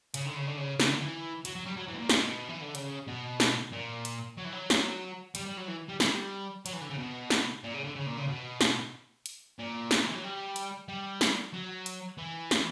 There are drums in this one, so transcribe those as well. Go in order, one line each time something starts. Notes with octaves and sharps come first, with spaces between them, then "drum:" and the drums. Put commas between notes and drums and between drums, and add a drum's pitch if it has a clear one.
C#3, drum: hi-hat
D3
C#3
D3
C#3
C#3, drum: snare
D3
E3
F#3, drum: hi-hat
F#3
G3
F#3
E3
B2
A#2
B2, drum: snare
E3
D3
C#3, drum: hi-hat
B2
drum: snare
A#2
drum: hi-hat
F#3
E3
F#3
drum: snare
G3, drum: hi-hat
G3
F#3
E3
G3
G3, drum: snare
F#3, drum: hi-hat
E3
D3
C#3
B2
drum: snare
A#2
C#3
D3
C#3
A#2
C#3
B2
drum: snare
drum: hi-hat
A#2
drum: snare
E3
F#3
G3
drum: hi-hat
G3
drum: snare
F#3
drum: hi-hat
E3
drum: snare